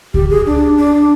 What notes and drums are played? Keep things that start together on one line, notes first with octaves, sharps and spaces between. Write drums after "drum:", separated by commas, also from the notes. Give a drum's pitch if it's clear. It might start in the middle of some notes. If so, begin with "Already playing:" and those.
G4, drum: kick C#2
G#4
D4
D4